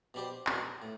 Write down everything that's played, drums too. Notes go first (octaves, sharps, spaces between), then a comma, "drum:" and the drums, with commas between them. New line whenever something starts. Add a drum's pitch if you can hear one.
B2 G3 D4 G4 C5
C2 B2 G3 D4, drum: clap
A2